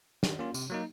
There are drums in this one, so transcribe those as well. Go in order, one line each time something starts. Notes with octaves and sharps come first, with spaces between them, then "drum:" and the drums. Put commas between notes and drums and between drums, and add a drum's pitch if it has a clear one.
D#3, drum: snare
A#3 C#4 F4
C3, drum: tambourine
F#3 A#3 D#4